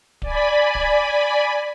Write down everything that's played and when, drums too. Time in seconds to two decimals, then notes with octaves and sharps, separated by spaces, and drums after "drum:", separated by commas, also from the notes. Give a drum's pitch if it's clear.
0.22 D5 G#5 B5, drum: kick D1
0.75 drum: kick D1